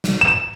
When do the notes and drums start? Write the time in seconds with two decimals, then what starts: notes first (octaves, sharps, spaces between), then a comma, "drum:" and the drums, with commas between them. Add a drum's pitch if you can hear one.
0.04 drum: snare
0.21 E7